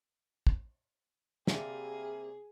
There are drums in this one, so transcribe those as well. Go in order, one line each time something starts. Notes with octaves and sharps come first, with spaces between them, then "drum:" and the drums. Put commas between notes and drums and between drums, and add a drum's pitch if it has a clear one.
drum: kick
C3 G3 A#3 G#4, drum: snare